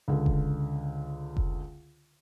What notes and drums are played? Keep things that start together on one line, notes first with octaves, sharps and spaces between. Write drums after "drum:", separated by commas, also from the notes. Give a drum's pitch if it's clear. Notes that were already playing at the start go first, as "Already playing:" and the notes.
C#2 D3
drum: kick F1
drum: kick F1